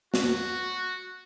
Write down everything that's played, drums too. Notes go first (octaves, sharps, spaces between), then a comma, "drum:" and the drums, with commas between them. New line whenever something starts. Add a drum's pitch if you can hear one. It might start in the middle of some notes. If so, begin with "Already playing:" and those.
F#4, drum: snare